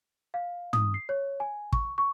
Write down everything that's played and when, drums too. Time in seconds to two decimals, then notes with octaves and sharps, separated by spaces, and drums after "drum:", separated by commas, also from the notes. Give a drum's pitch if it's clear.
0.34 F5
0.73 D#6, drum: tom
0.94 C7
1.09 C#5
1.40 G#5
1.72 C#6, drum: kick
1.98 C#6